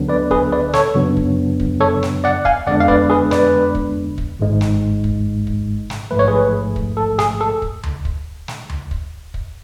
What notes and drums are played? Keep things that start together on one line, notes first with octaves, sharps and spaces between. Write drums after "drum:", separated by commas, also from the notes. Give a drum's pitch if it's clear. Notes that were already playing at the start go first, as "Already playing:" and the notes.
Already playing: D2 D3 F#3 B3 D4
B4 D5
G#4 B4, drum: kick
B4 D5
A4 C#5, drum: snare
F#2 C#3 F#3 B3 D4
drum: kick
drum: kick
A4 C#5
drum: snare
D5 F#5
F5 G#5, drum: kick
F2 D3 G#3 B3 D4 D5 F#5
F5
B4 D5, drum: kick
G#4 B4
B4 D5, drum: snare
drum: kick
drum: kick
G#1 G#2 G#3
drum: snare
drum: kick
drum: kick
drum: snare
A1 G#2 F3 A3 B4
C#5
G#4 B4
drum: kick
A4
G#4, drum: snare
A4
drum: kick
drum: tom D2
drum: kick
drum: snare
drum: tom D2
drum: kick
drum: kick